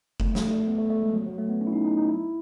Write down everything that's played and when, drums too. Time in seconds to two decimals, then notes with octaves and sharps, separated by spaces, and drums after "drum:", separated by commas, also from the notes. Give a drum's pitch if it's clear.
0.20 A3, drum: kick F#1
0.35 A3, drum: snare
0.51 A3
0.67 B3
0.78 A3
0.90 A3
1.02 G#3
1.14 F#3
1.26 F#3
1.38 A3
1.49 B3
1.61 C#4
1.67 E4
1.73 D#4
1.85 D#4
1.97 D#4
2.08 E4